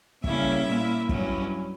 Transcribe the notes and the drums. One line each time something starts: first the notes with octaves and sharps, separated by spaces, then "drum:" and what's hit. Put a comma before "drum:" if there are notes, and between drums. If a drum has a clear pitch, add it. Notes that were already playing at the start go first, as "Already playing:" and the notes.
C#3 G3 A#3 C#4 E4 E5, drum: kick
A#2 A#3 E4
G2 F#3 C#4 E4, drum: kick